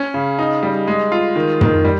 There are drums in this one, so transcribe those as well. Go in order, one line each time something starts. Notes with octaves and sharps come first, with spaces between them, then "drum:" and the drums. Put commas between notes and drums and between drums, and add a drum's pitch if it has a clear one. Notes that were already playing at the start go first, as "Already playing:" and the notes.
Already playing: C#4
C#3
D#4
G3
G#3
F4
D#3
D#3, drum: tom
G3